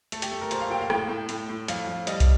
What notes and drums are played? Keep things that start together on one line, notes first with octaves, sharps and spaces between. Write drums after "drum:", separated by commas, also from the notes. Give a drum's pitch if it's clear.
A3 A4, drum: hi-hat
G4, drum: hi-hat
A3 A4
A#4
A#2 C5, drum: hi-hat
F5
A#2 G5
F5
A2 G5, drum: rim click
A2
A2, drum: hi-hat
A2
F2 F5, drum: hi-hat
F2
G3 D#5, drum: hi-hat
drum: kick, hi-hat